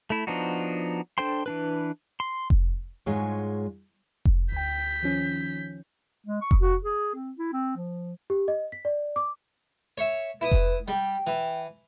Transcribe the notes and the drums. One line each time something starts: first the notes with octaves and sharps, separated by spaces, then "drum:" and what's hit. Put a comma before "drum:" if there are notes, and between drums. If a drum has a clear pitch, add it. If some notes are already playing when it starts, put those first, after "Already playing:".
A3 E4
F3 B3 D4 D#4 F#4
D4 A4 C5 G5 C6
E3 D4 B4
C6
drum: kick F1
G#2 F#3 G#3 F4 C#5
drum: kick F1
D2 G5 G6 B6
D#3 F3 C#4
G#3
C#6
drum: kick F1
F#4
G#4
C4
E4
C4
F3
G4
D#5
B6
D5
D6
C#5 E5
E4 B4 D#6
drum: kick F1
G3 G5
E3